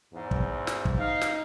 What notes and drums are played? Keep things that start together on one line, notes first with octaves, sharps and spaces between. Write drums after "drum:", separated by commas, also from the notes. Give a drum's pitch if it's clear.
E2 G#2
drum: kick
drum: snare
drum: kick
D#4 F5
drum: snare